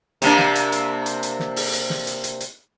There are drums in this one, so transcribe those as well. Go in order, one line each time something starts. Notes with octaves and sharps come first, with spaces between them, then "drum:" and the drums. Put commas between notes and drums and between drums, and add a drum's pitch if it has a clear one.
C3 A#3 D4, drum: hi-hat
drum: snare
drum: hi-hat
drum: hi-hat
drum: hi-hat
drum: hi-hat
drum: snare
drum: open hi-hat
drum: hi-hat
drum: snare
drum: hi-hat
drum: hi-hat
drum: hi-hat